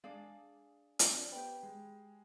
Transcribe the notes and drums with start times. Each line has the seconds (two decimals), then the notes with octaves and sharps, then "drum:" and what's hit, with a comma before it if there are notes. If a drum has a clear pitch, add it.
0.04 G#3 D4 G#4 D5 F5
0.99 C4, drum: hi-hat
1.15 D4
1.32 B3 G4 C5 G5 B5
1.63 G#3